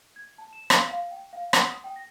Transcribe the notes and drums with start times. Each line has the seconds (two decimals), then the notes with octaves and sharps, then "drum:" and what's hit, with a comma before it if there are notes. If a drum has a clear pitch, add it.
0.16 G#6
0.38 A5
0.53 E7
0.70 F5, drum: rim click
0.89 F5
1.11 G5
1.33 F5
1.53 F#5, drum: rim click
1.71 D#6
1.84 G5
1.96 A#6